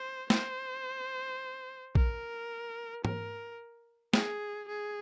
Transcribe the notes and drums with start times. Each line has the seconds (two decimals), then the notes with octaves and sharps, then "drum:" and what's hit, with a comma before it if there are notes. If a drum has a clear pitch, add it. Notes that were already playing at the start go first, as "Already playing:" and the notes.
Already playing: C5
0.30 C5, drum: snare
1.95 A#4, drum: kick
3.05 A#4, drum: tom
4.14 G#4, drum: snare
4.69 G#4